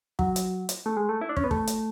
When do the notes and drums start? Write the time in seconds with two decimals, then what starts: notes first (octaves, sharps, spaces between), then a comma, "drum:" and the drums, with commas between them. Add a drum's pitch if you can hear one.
0.19 F#3, drum: kick
0.36 drum: hi-hat
0.69 drum: hi-hat
0.86 A3
0.97 G#3
1.09 A3
1.21 E4
1.29 D4
1.37 C#4, drum: kick
1.44 B3
1.51 A3, drum: kick
1.67 drum: hi-hat